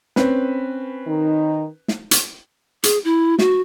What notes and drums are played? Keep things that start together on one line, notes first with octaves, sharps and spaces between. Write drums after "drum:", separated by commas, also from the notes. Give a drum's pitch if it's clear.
C4 C#4 B4, drum: snare
D#3 D#4
drum: snare
drum: hi-hat
G#4, drum: hi-hat
E4
F#4, drum: snare